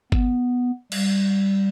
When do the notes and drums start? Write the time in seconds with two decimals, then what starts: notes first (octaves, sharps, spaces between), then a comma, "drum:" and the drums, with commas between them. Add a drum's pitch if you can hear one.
0.12 B3, drum: kick G1
0.92 G3, drum: cymbal